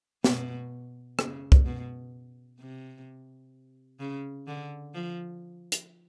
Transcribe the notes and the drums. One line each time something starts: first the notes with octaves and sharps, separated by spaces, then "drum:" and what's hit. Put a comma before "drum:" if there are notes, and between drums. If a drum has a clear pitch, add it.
B2, drum: snare
C#3, drum: rim click
drum: kick
B2
C3
C#3
D3
F3
drum: hi-hat